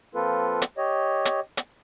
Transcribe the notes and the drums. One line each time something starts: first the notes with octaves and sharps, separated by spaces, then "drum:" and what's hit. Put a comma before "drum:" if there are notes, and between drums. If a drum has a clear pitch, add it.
F3 A#3 C4 F4 A4 B4
drum: hi-hat
G4 C#5 D#5
drum: hi-hat
drum: hi-hat